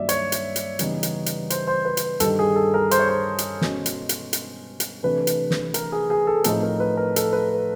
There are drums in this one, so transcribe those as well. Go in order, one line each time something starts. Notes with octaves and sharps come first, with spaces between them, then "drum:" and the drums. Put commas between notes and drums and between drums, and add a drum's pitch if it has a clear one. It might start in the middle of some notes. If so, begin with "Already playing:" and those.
Already playing: G2 D#3 F#3 A#3 D#4 D5 E5
C#5, drum: hi-hat
drum: hi-hat
drum: hi-hat
C#3 E3 G3 B3 D#4, drum: hi-hat
drum: hi-hat
drum: hi-hat
C5, drum: hi-hat
C5
B4
drum: hi-hat
G2 D#3 G3 A4, drum: hi-hat
G#4
A4
A#4
C5, drum: hi-hat
C#5
C5
drum: hi-hat
B2 G#3 C#4, drum: snare
drum: hi-hat
drum: hi-hat
drum: hi-hat
drum: hi-hat
C3 E3 A3 D4 B4
drum: hi-hat
drum: snare
A#4, drum: hi-hat
G#4
G#4
A4
A2 F3 A3 C4 D#4 A4, drum: hi-hat
A#4
B4
A#4
A4, drum: hi-hat
B4